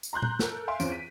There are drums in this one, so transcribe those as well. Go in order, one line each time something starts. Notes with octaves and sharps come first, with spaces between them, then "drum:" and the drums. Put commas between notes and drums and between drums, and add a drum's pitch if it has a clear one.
drum: tambourine
A#5 C6 F#6 G6
drum: tom A#2
A4 A#4, drum: snare
E5 F5 G#5 C6 D7
E2 C4 C#4 F4 C5 D7, drum: tambourine
B6 D#7